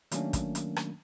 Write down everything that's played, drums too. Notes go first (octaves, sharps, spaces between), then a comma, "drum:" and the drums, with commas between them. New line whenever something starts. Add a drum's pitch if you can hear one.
D#3 F#3 A3 A#3 C#4 D4, drum: hi-hat
drum: kick, hi-hat
drum: hi-hat
drum: rim click